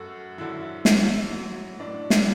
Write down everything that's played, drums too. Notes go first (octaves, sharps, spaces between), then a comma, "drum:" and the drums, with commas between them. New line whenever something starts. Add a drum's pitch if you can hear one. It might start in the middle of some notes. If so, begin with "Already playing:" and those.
Already playing: F#2 F#4 A4
D3 F#3 E4
G#2, drum: snare
F#3
A2 D4
E4, drum: snare